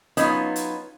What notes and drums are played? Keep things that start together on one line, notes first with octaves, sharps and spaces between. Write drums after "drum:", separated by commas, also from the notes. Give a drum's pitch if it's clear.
F#3 B3 C#4 D#4 F4, drum: hi-hat
drum: hi-hat